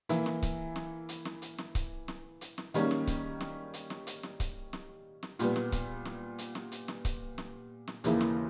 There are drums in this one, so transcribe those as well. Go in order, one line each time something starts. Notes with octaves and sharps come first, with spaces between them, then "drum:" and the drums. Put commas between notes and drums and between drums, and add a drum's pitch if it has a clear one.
E3 A#3 E4, drum: hi-hat
drum: snare
drum: kick C#1, hi-hat
drum: snare
drum: hi-hat
drum: snare
drum: hi-hat
drum: snare
drum: kick C#1, hi-hat
drum: snare
drum: hi-hat
drum: snare
D#3 G3 A#3 C#4, drum: hi-hat
drum: snare
drum: kick C#1, hi-hat
drum: snare
drum: hi-hat
drum: snare
drum: hi-hat
drum: snare
drum: kick C#1, hi-hat
drum: snare
drum: snare
A#2 G3 B3, drum: hi-hat
drum: snare
drum: kick C#1, hi-hat
drum: snare
drum: hi-hat
drum: snare
drum: hi-hat
drum: snare
drum: kick C#1, hi-hat
drum: snare
drum: snare
D#2 C#3 E3 A#3 E4, drum: hi-hat
drum: snare